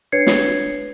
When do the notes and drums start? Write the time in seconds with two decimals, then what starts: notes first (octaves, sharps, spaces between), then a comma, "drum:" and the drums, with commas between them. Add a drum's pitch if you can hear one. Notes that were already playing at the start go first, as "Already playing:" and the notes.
0.12 D4 B4 C#5 G#6 C7 C#7
0.27 drum: snare